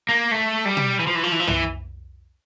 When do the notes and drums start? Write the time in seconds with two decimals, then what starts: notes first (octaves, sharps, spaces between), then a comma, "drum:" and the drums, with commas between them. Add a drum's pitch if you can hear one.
0.09 A#3
0.32 A3
0.65 G3
0.77 drum: tom B2
0.99 E3
1.07 F3
1.15 E3
1.23 F3
1.32 E3
1.40 F3
1.47 E3, drum: tom